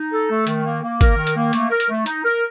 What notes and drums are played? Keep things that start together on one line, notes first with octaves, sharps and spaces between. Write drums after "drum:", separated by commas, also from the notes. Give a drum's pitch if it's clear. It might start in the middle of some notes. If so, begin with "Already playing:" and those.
Already playing: D#4
A4
A3
D#3, drum: hi-hat
A#3
A#3
A#4, drum: kick G#1, hi-hat
D#3
drum: hi-hat
A#3
A3, drum: hi-hat
A#4
drum: hi-hat
A3
D#4, drum: hi-hat
A#4